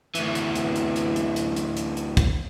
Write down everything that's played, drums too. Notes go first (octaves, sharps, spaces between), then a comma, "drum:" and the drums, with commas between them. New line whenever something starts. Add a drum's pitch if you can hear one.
D2 E3, drum: hi-hat
drum: hi-hat
drum: hi-hat
drum: hi-hat
drum: hi-hat
drum: hi-hat
drum: hi-hat
drum: hi-hat
drum: hi-hat
drum: hi-hat
drum: kick, hi-hat